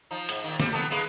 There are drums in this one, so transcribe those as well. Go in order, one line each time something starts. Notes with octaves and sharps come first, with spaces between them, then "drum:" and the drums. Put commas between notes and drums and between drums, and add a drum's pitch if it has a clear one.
F3 D#4
G#2, drum: hi-hat
A#2 D#3
G3, drum: snare
D#3 B3 A4
G#3 A#3 B4